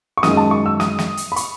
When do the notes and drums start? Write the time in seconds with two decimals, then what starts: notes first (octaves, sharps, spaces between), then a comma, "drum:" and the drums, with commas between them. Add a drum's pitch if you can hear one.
0.17 C#6
0.23 F#2 D#3 G#3 D#6, drum: snare
0.37 A5
0.51 C#6
0.66 E6
0.80 D#6, drum: snare
0.99 drum: snare
1.17 drum: hi-hat
1.32 B5
1.36 C#6, drum: hi-hat